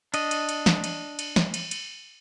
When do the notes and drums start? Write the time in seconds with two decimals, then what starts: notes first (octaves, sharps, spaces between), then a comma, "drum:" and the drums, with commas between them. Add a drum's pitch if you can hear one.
0.14 D4 D#5, drum: cymbal
0.31 drum: cymbal
0.49 drum: cymbal
0.66 drum: snare
0.84 drum: cymbal
1.19 drum: cymbal
1.36 drum: snare
1.54 drum: cymbal
1.71 drum: cymbal